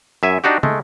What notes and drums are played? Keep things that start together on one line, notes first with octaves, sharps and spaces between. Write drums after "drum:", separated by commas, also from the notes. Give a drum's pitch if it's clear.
F#2 E5 G#5
D4 D#4 F#4 G4
G#3 A3, drum: tom